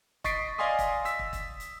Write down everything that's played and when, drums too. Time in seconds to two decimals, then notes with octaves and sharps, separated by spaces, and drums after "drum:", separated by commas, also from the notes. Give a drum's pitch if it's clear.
0.24 D#5 C#6 A6 B6 C7 D7, drum: kick, hi-hat
0.59 D5 D#5 F5 G#5 C6 D#6
0.79 drum: kick, hi-hat
1.05 E6 B6, drum: hi-hat
1.19 drum: kick
1.33 drum: kick, hi-hat
1.60 drum: hi-hat